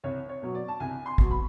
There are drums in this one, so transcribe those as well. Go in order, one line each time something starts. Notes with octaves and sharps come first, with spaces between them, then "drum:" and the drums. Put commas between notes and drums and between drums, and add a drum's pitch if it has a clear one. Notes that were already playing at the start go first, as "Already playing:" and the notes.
C2 C#5
C#5
B2 F#3
D5
A5
C2 G#5
C6
B2 F#3, drum: kick A1
B5